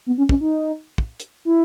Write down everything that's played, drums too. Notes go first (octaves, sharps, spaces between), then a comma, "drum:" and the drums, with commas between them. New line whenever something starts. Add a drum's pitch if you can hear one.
B3
C#4
C#4, drum: kick
D#4
drum: kick
drum: hi-hat
E4